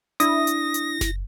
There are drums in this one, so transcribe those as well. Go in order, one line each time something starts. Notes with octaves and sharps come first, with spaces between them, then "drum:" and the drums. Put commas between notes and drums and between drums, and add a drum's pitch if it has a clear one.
D4 E4 D#6 A#6, drum: hi-hat
drum: hi-hat
drum: hi-hat
drum: snare F#1